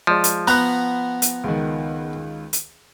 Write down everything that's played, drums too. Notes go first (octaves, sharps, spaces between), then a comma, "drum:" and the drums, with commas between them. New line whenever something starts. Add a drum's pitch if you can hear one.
F3 G#3 D5
drum: hi-hat
B3 F#5 A#5 B5 F#6
drum: hi-hat
C#2 D#3
drum: hi-hat